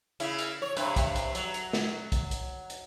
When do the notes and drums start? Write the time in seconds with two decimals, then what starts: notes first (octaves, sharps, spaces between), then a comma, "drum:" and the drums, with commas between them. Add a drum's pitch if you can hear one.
0.20 C#3 E4, drum: hi-hat
0.38 drum: hi-hat
0.62 C#5
0.77 G2 C3 B4, drum: hi-hat
0.96 drum: kick B1, hi-hat
1.16 drum: hi-hat
1.35 F#3, drum: hi-hat
1.54 drum: hi-hat
1.73 drum: snare
2.12 drum: kick B1, hi-hat
2.31 drum: hi-hat
2.70 drum: hi-hat